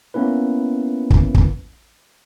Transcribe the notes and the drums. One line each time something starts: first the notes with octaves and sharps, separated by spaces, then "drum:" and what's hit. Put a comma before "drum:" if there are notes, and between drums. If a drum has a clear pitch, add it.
A#3 B3 C#4 E4 B4
drum: kick
drum: kick